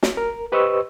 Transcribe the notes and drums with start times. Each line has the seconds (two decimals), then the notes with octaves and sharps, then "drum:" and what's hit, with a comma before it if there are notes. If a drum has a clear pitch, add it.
0.03 drum: snare
0.17 A#4
0.52 G4 B4 C5 D#5 C#6 E6